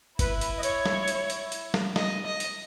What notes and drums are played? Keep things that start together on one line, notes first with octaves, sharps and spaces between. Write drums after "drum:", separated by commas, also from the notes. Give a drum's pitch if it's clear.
E4 B4, drum: kick G1, hi-hat
drum: hi-hat
D#5
C#5, drum: hi-hat
drum: snare
drum: hi-hat
drum: hi-hat
drum: hi-hat
drum: snare
D#5, drum: snare
D#5
drum: hi-hat